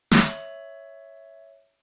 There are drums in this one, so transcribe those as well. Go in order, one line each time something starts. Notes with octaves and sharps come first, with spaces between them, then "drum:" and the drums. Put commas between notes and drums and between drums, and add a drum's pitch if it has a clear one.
C#5 E5, drum: snare